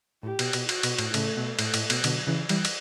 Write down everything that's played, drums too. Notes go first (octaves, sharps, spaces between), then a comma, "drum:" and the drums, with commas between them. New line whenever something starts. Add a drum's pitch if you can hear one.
A2 G4
B2, drum: cymbal
B2, drum: cymbal
F#4, drum: cymbal
B2, drum: cymbal
A2, drum: cymbal
A2 C#3 A3, drum: cymbal
B2
A2 A3, drum: cymbal
A2, drum: cymbal
B2, drum: cymbal
B2 D3 F#3, drum: cymbal
C#3 E3
E3 G3, drum: cymbal
drum: cymbal